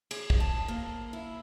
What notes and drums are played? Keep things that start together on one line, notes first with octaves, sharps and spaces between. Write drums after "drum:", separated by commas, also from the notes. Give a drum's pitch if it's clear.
G#4, drum: cymbal
drum: kick
A5
A#3
E4